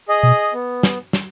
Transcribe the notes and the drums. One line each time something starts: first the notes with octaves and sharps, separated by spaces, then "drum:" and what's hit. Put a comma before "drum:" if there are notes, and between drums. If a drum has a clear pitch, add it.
G#4 D#5
B2
B3
drum: snare
drum: snare